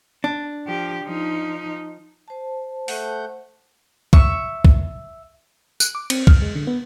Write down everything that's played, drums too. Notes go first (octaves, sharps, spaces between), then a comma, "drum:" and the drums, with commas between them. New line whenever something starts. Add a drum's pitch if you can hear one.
D4
F3 G4
F3 D#4
C5 A5
A3 F#5 G6, drum: open hi-hat
E5 C#6, drum: kick
drum: kick
F#6, drum: tambourine
D6
C4, drum: cymbal
F6, drum: kick
G#3
D3
B3